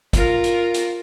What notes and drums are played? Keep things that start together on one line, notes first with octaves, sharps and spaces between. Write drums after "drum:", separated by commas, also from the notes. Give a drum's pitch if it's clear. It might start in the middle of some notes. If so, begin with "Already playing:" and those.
F4 A#4, drum: kick, hi-hat
drum: hi-hat
drum: hi-hat